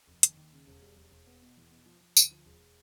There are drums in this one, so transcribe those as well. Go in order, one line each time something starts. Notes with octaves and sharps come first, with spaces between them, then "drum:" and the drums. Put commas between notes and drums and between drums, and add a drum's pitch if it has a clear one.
F1
D#2, drum: hi-hat
D#2
C#3
E1
G3
E1
E1
B3
B2
E2
B2
F3
F3
D2, drum: tambourine
F3
E1